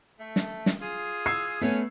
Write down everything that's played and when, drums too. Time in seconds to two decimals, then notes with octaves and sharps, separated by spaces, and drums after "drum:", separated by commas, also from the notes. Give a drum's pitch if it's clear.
0.20 A3
0.36 drum: snare
0.66 drum: snare
0.81 F4 G#4
1.26 E6 G#6 C7
1.61 A3 B3 C#4